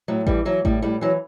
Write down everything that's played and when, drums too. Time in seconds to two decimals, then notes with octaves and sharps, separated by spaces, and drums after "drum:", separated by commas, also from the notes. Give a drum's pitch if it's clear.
0.08 A2 F#3
0.27 E3 G3, drum: kick A1
0.45 E3 F#3
0.65 A2 G3, drum: kick A1
0.82 A2 G3
1.01 E3 F#3